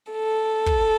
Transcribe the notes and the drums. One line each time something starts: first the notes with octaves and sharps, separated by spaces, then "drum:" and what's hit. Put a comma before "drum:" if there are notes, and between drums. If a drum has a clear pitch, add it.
A4
drum: kick